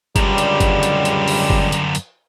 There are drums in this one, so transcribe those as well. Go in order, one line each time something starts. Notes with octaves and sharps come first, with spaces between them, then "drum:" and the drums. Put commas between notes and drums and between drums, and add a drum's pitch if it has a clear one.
C#2 F#2 D3 G3, drum: kick G1, hi-hat
drum: hi-hat
drum: kick G1, hi-hat
drum: hi-hat
drum: hi-hat
drum: open hi-hat
drum: kick G1
drum: hi-hat
drum: hi-hat